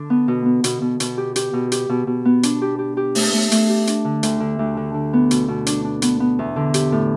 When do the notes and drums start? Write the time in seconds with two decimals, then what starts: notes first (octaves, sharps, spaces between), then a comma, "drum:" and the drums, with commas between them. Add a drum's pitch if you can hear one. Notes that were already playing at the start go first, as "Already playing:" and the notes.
Already playing: D3 D4
0.10 B3
0.28 B2
0.45 B3
0.64 B2, drum: hi-hat
0.81 B2
1.00 B2, drum: hi-hat
1.17 G4
1.36 G4, drum: hi-hat
1.53 B2
1.72 G4, drum: hi-hat
1.89 B2
2.07 B2
2.25 B3
2.43 D4, drum: hi-hat
2.62 G4
2.79 G4
2.97 G4
3.15 A3, drum: open hi-hat
3.33 A3
3.52 A3, drum: hi-hat
3.69 G4
3.87 D4, drum: hi-hat
4.05 D3
4.23 D2, drum: hi-hat
4.40 D3
4.59 D2
4.77 D3
4.94 D3
5.13 B3
5.31 B2, drum: hi-hat
5.48 B2
5.66 D4, drum: hi-hat
5.84 D4
6.02 B3, drum: hi-hat
6.20 B3
6.39 E2
6.56 D3
6.74 G4, drum: hi-hat
6.92 A2